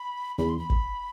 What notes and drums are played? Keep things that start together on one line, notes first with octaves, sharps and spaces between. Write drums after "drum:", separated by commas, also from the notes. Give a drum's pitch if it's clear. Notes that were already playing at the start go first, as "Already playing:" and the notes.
Already playing: B5
E2 B5
C6
B5
drum: kick